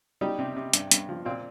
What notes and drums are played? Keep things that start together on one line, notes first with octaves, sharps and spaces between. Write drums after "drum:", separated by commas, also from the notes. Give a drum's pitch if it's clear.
G3 D#4 G4
C3
C3
G2, drum: hi-hat
G2, drum: hi-hat
F3
A#2 C4 F4